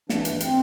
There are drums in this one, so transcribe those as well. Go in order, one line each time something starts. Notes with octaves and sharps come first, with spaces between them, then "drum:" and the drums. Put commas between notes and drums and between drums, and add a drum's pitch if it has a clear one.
E3 D4, drum: snare
G2, drum: hi-hat
C4, drum: hi-hat